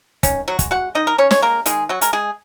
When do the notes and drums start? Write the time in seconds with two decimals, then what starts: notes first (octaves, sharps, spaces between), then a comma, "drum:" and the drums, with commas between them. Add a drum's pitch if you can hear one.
0.23 D#3 C#4, drum: kick, hi-hat
0.48 F#3 F#4
0.59 G#3, drum: kick, hi-hat
0.71 F#4 F#5
0.95 D#3 D#4 D#5
1.07 A#4
1.18 C#4 C#5
1.31 G#3 C#5, drum: snare
1.42 A#3 A#4
1.66 D#3 G#3 G#4, drum: hi-hat
1.89 F#3 F#4
2.01 G#3 A#4, drum: hi-hat
2.13 G#3 G#4